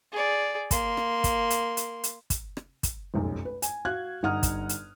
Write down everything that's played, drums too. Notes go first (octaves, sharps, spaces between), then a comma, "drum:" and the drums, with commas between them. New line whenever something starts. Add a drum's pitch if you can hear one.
G#4 D5
A#3 C6, drum: kick, hi-hat
drum: rim click
drum: kick, hi-hat
drum: hi-hat
drum: hi-hat
drum: hi-hat
drum: kick, hi-hat
drum: rim click
drum: kick, hi-hat
F1 B1 F#2
B4
G#5, drum: hi-hat
F#4 F5 F#6 G#6
G1 D#4 F#5 D#6 F6
drum: kick, hi-hat
drum: hi-hat